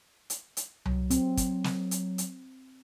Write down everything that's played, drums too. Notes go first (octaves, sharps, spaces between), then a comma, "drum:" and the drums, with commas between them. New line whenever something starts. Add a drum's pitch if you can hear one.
drum: hi-hat
drum: hi-hat
F#3, drum: tom C2
C4, drum: hi-hat
drum: kick, hi-hat
drum: snare
drum: hi-hat
drum: hi-hat